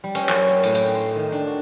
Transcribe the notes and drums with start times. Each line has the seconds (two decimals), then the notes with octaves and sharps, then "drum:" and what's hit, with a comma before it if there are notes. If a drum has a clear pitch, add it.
0.04 G3
0.15 C#4, drum: cymbal
0.29 F#2, drum: clap
0.50 A#3
0.63 A2, drum: cymbal
0.75 G5, drum: cymbal
0.95 C5
1.16 D#3
1.32 D4
1.47 F#4